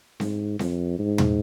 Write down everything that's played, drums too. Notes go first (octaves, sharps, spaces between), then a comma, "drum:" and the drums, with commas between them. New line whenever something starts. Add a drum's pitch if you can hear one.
G#2, drum: snare C4
F2, drum: snare C4
G#2
drum: tom